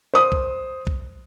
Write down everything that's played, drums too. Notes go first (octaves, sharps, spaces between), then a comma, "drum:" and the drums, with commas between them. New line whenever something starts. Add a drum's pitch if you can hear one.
C5 D#6
drum: kick C2
drum: kick C2